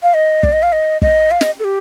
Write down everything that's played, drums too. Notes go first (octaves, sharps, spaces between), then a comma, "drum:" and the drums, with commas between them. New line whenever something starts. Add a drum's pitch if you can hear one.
F5
D#5
D5, drum: kick
D#5
F5
D#5
D#5, drum: kick
F5
D#5, drum: snare
A4
G4